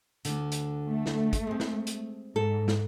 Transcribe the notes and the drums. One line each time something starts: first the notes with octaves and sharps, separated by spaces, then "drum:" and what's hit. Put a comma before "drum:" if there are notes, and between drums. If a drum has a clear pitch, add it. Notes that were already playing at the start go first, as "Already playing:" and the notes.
D2 D3, drum: hi-hat
drum: hi-hat
A3
drum: snare
drum: kick, hi-hat
G#3 C4
drum: snare
drum: hi-hat
G#2 A4
drum: snare